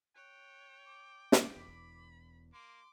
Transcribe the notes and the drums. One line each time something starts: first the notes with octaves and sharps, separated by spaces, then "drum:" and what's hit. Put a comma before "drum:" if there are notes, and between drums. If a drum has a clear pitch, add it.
C#5 G5 F#6
D6
drum: snare
E1 E2 B5
A#3 C6 D6